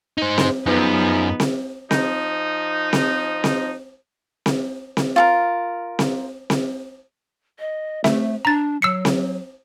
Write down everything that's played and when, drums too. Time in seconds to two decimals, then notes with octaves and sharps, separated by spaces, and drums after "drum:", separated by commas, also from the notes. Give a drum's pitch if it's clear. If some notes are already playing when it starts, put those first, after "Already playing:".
0.18 D#4 C5
0.38 drum: snare C4
0.66 F#2 C#3 F3 B3 D#4 B4
1.40 drum: snare C4
1.91 F3 D#4, drum: snare C4
2.93 drum: snare C4
3.44 drum: snare C4
4.46 drum: snare C4
4.97 drum: snare C4
5.16 F4 A4 A#4
5.99 drum: snare C4
6.50 drum: snare C4
7.59 D#5
8.04 A3 E5, drum: snare C4
8.45 D4 A#5 A6
8.82 F#3 E6 C7 C#7
9.05 drum: snare C4